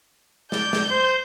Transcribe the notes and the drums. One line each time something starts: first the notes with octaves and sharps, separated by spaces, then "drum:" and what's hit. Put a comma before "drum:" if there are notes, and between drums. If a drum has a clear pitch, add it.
D5 G6, drum: snare
drum: snare
C5